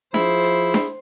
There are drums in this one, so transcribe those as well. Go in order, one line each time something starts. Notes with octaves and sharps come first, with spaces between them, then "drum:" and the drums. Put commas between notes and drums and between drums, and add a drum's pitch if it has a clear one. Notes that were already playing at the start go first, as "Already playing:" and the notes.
F3 E4 G#4 C5, drum: snare D4
drum: hi-hat
drum: snare D4